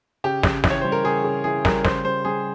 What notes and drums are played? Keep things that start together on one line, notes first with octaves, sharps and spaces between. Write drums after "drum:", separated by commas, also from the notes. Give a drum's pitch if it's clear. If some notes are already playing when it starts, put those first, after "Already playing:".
C#3 G4
C#3, drum: snare
E3, drum: snare
C#5
G3 C5
A#4
C#3 G#4
C#3
E3 G#4
G3 A#4, drum: snare
C#3 C5, drum: snare
G3 C5
G3 G#4